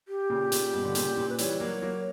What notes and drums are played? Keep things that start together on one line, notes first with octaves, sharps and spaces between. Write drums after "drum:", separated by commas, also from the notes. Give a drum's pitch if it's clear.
G4
A#2 C#3
A#2 C#3, drum: hi-hat
G2 B2
D3
A#2 C#3, drum: hi-hat
A#2 C#3
B4
E3 G3 C#5, drum: hi-hat
F#3 A#3
F#3 A#3